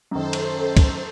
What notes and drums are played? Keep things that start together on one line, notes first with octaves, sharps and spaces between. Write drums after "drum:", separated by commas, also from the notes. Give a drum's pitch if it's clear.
F#2 D#3 A4 C5
drum: cymbal
drum: kick, cymbal